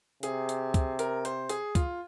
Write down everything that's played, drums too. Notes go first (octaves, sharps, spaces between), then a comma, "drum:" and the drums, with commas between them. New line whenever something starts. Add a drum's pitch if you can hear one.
C3 G#4, drum: hi-hat
drum: hi-hat
drum: kick, hi-hat
A#4, drum: hi-hat
C5, drum: hi-hat
G#4, drum: hi-hat
F4, drum: kick, hi-hat